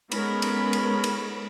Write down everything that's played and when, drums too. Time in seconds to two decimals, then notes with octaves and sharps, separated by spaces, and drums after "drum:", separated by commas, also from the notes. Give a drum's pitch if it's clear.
0.12 G#3 B3 C#4 A#4 B5, drum: cymbal
0.42 drum: cymbal
0.73 drum: cymbal
1.04 drum: cymbal